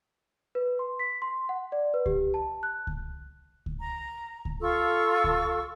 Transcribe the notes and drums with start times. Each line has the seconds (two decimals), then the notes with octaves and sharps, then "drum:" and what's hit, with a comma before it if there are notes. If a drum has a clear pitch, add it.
0.55 B4
0.79 C6
0.99 B6
1.22 C6
1.49 F#5
1.72 D5
1.94 B4
2.06 G4, drum: kick C#2
2.34 A5
2.63 F#6
2.87 drum: kick C#2
3.66 drum: kick C#2
3.79 A#5
4.45 drum: kick C#2
4.62 F4 A4 C#6 E6
5.24 drum: kick C#2